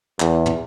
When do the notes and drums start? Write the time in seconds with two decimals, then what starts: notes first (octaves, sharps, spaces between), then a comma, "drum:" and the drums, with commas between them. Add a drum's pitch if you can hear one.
0.20 E2, drum: clap
0.46 drum: tom